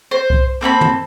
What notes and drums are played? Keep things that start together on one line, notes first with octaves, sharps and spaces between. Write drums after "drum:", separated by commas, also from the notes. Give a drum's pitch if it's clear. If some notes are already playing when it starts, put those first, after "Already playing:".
C5
drum: kick C2
A#3 C4 A4 B5
drum: tom